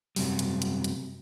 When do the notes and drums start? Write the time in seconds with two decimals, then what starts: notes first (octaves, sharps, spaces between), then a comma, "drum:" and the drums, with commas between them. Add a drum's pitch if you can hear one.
0.16 F#2 C3 F#3 G3, drum: open hi-hat
0.39 drum: hi-hat
0.62 drum: hi-hat
0.84 drum: hi-hat